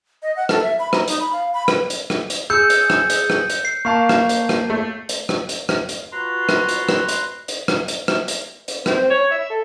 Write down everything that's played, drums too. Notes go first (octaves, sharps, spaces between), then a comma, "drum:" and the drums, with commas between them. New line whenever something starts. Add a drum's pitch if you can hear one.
D#5
F#5
A4, drum: rim click
E5
B5
A#5, drum: rim click
D#4, drum: hi-hat
B5
F5
B5
B4, drum: rim click
drum: hi-hat
drum: rim click
drum: hi-hat
G#4 E6 G6 C#7
drum: hi-hat
drum: rim click
drum: hi-hat
drum: rim click
drum: hi-hat
C7
A#3 F5 A5 C#6
drum: rim click
drum: hi-hat
drum: rim click
A3
drum: hi-hat
drum: rim click
drum: hi-hat
drum: rim click
drum: hi-hat
F4 F#4 B4 A#5 C6
drum: rim click
drum: hi-hat
drum: rim click
drum: hi-hat
drum: hi-hat
drum: rim click
drum: hi-hat
drum: rim click
drum: hi-hat
drum: hi-hat
C4, drum: rim click
C#5
E5
A4